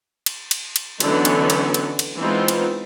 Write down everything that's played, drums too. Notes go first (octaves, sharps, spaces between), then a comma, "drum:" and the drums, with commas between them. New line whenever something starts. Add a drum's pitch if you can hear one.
drum: cymbal
drum: cymbal
drum: cymbal
D3 E3 F#3 B3 C#4 D#4, drum: cymbal
drum: cymbal
drum: cymbal
drum: cymbal
drum: cymbal
E3 G#3 B3 C4 D#4 F4
drum: cymbal